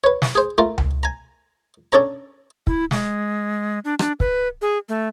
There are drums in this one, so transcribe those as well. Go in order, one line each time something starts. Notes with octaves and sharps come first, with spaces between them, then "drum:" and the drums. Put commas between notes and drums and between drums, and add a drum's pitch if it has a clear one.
B4 C#5
drum: snare
G#4 C5
A3 F4 A#4
drum: tom C#2
G#5 A#5
C#4 D4 A4 C#5 A#5
E4, drum: kick
G#3, drum: snare
D4
D4, drum: rim click
B4, drum: kick
G#4
A3